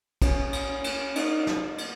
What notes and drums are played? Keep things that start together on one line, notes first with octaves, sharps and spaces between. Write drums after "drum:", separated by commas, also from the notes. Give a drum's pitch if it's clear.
C#4, drum: kick, cymbal
drum: cymbal
drum: cymbal
D#4, drum: cymbal
drum: snare
drum: cymbal